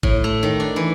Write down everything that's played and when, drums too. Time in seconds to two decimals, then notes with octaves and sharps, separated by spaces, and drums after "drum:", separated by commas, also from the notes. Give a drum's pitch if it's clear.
0.03 A2, drum: kick G1
0.24 A3
0.43 D#3
0.60 D4
0.76 E3